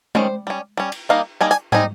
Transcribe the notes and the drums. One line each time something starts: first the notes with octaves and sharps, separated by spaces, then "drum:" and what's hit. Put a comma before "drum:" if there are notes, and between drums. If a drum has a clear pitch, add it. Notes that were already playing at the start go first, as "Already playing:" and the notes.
D#3 G3 C#4 C5, drum: tom G#3
G3 C#4
G3 C#4
drum: cymbal
G3 A#3 D#4 F5
G3 A#3 D#4 G#5
G#5, drum: hi-hat
G3 C4 D#4 G#5, drum: tom